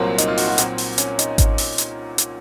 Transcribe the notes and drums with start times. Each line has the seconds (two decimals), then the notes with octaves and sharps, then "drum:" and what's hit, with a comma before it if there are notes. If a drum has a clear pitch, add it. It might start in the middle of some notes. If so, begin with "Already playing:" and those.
Already playing: C2 A#2 F#3 A#3 C4
0.18 D#4, drum: hi-hat
0.28 F4
0.38 F#4, drum: open hi-hat
0.48 F#4
0.58 A#2 F#3 A#3 C4, drum: hi-hat
0.78 drum: open hi-hat
0.98 C#4, drum: hi-hat
1.19 D#4, drum: hi-hat
1.38 drum: kick G#1, hi-hat
1.58 drum: open hi-hat
1.78 drum: hi-hat
2.18 drum: hi-hat